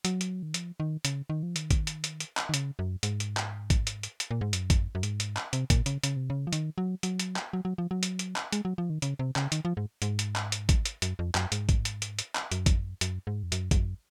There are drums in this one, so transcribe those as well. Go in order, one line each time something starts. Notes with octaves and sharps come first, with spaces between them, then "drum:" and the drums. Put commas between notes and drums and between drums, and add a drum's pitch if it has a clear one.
F#3, drum: hi-hat
drum: hi-hat
D#3
F3, drum: hi-hat
D#3
C#3, drum: hi-hat
D#3
F3
D#3, drum: hi-hat
drum: kick G#1, hi-hat
drum: hi-hat
drum: hi-hat
drum: hi-hat
drum: clap
D#3
C#3, drum: hi-hat
F#2
G#2, drum: hi-hat
drum: hi-hat
drum: clap
drum: kick G#1, hi-hat
drum: hi-hat
drum: hi-hat
drum: hi-hat
A#2
G#2
F#2, drum: hi-hat
drum: kick G#1, hi-hat
F#2
G#2, drum: hi-hat
drum: hi-hat
drum: clap
C3, drum: hi-hat
A#2, drum: kick G#1, hi-hat
C#3, drum: hi-hat
C#3, drum: hi-hat
C3
C#3
F3
D#3, drum: hi-hat
F#3
F#3, drum: hi-hat
drum: hi-hat
drum: clap
F#3
F#3
F3
F#3
drum: hi-hat
drum: hi-hat
drum: clap
G#3, drum: hi-hat
F#3
F3
D#3
C#3, drum: hi-hat
C3
C#3, drum: clap
D#3, drum: hi-hat
F3
G#2
G#2, drum: hi-hat
drum: hi-hat
drum: clap
drum: hi-hat
drum: kick G#1, hi-hat
drum: hi-hat
F#2, drum: hi-hat
F2
F#2, drum: clap
G#2, drum: hi-hat
drum: kick G#1, hi-hat
drum: hi-hat
drum: hi-hat
drum: hi-hat
drum: clap
F#2, drum: hi-hat
F2, drum: kick G#1, hi-hat
F#2
F#2, drum: hi-hat
G#2
F2
F#2, drum: hi-hat
G#2, drum: kick G#1, hi-hat
F#2